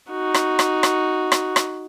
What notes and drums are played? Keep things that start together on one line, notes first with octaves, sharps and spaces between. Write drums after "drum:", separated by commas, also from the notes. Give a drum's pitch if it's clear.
D#4 F#4
drum: rim click
drum: rim click
drum: rim click
drum: rim click
drum: rim click